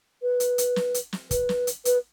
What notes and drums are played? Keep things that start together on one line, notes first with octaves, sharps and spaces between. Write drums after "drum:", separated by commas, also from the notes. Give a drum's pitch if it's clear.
B4
drum: hi-hat
drum: hi-hat
drum: snare
drum: hi-hat
drum: snare
B4, drum: kick, hi-hat
drum: snare
drum: hi-hat
B4, drum: hi-hat